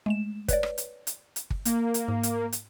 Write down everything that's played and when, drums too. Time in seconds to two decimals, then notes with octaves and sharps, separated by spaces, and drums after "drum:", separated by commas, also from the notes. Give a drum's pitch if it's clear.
0.06 G#3 A3 E7
0.48 B4 C#5 D5, drum: kick G1, hi-hat
0.63 drum: rim click
0.78 drum: hi-hat
1.07 drum: hi-hat
1.36 drum: hi-hat
1.50 drum: kick G1
1.65 A#3, drum: hi-hat
1.94 drum: hi-hat
2.08 G#2
2.23 drum: hi-hat
2.52 drum: hi-hat